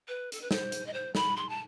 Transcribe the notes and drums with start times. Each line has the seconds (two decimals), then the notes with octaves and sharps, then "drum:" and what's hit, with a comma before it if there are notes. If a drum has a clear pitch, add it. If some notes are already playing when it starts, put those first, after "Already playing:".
0.08 B4
0.32 A4, drum: hi-hat
0.42 B4
0.51 C5, drum: snare
0.72 drum: hi-hat
0.86 D#5
0.93 C5
1.15 B5, drum: snare
1.37 C6
1.49 A5